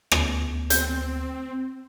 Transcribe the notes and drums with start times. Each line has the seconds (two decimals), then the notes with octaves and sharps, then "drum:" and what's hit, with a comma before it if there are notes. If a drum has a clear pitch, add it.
0.11 D2 B3, drum: rim click
0.70 C4 G6, drum: hi-hat